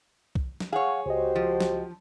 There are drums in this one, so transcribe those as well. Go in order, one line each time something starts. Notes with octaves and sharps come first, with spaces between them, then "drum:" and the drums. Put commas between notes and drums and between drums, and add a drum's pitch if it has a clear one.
drum: kick C2
drum: snare
G#4 C#5 F5 F#5
C#2 F#4 G4 C5 D#5
F3
drum: snare